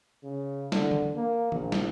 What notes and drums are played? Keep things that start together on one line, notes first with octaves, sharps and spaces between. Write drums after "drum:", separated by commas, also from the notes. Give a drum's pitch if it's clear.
C#3
D3, drum: snare
drum: tom E3
A#3
A#1, drum: tom E3
drum: snare